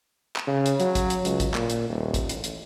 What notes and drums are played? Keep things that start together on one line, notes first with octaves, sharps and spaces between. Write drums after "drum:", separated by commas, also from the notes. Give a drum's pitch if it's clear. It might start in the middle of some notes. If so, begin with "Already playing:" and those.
drum: clap
C#3
drum: hi-hat
F#3, drum: hi-hat
drum: kick A1, hi-hat
drum: hi-hat
C#2, drum: hi-hat
drum: kick A1, hi-hat
A#2, drum: clap
drum: hi-hat
D#1
drum: kick A1, hi-hat
A1, drum: hi-hat
drum: hi-hat